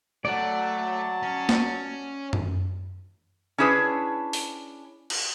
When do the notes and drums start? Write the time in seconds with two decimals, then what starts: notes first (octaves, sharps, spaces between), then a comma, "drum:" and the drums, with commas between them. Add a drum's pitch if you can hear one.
0.25 F#3 A3 D5 F#5 A5
1.23 C#4
1.49 drum: snare
2.33 drum: tom F#2
3.58 C#4 D4 E4 G#4 B4 C#5
4.33 drum: open hi-hat
5.10 drum: cymbal